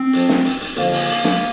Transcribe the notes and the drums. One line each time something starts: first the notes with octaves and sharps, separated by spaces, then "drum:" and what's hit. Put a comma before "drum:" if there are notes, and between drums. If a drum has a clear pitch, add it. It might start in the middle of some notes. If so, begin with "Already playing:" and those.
Already playing: C4
F2 F3, drum: hi-hat
drum: snare
drum: hi-hat
drum: hi-hat
F2 D3 F3 A#3, drum: hi-hat
drum: open hi-hat
drum: hi-hat
drum: snare